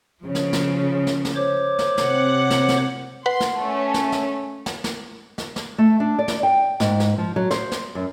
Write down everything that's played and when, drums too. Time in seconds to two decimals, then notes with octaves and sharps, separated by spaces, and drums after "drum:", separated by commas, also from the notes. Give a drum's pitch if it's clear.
0.21 C#3 F3
0.35 drum: snare
0.53 drum: snare
1.07 drum: snare
1.25 drum: snare
1.36 C5 C#5 D6
1.79 drum: snare
1.98 C3 F#5, drum: snare
2.50 drum: snare
2.68 drum: snare
3.26 B4 F#5 C6
3.40 drum: snare
3.58 A3 C#4
3.94 drum: snare
4.12 drum: snare
4.66 drum: snare
4.84 drum: snare
5.38 drum: snare
5.56 drum: snare
5.78 A3
6.00 D4
6.19 D5
6.28 drum: snare
6.43 G5
6.80 G#2, drum: snare
7.00 drum: snare
7.18 F3
7.36 F#3
7.51 C5, drum: snare
7.72 drum: snare
7.95 F#2